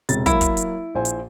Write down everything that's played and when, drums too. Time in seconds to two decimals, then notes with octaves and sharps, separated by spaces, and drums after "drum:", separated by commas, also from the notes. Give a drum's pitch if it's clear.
0.09 E1 C3 A6, drum: hi-hat
0.26 F#3 A#3 E4, drum: kick, hi-hat
0.41 drum: kick, hi-hat
0.57 drum: hi-hat
0.95 A#1 C5 G#5
1.05 drum: hi-hat